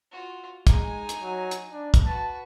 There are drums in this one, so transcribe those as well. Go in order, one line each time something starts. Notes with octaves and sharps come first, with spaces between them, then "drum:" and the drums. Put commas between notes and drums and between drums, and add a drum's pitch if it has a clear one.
F4 F#4
G#3 D#4 G#5, drum: kick, hi-hat
drum: hi-hat
F#3
drum: hi-hat
D4
drum: kick, hi-hat
F#4 B4 A5